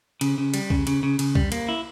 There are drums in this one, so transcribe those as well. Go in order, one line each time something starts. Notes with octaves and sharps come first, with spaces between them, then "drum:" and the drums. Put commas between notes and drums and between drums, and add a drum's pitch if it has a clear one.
C#3, drum: cymbal
C#3
G3, drum: cymbal
C#3, drum: kick B1
C#3, drum: cymbal
C#3
C#3, drum: cymbal
G3, drum: kick B1
A#3, drum: cymbal
E4